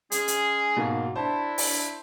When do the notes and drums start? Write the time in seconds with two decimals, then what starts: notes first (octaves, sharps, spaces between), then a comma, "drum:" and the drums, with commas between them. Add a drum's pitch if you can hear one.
0.12 G#3 C#4 G#4, drum: hi-hat
0.28 drum: hi-hat
0.76 G#2 B2 A#3
1.16 D4 E4 C5 A5
1.58 drum: open hi-hat